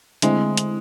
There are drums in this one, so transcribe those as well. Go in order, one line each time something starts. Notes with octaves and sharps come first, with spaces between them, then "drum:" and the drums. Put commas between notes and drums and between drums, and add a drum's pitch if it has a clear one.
D3 G#3 A3 C4 E4, drum: hi-hat
drum: hi-hat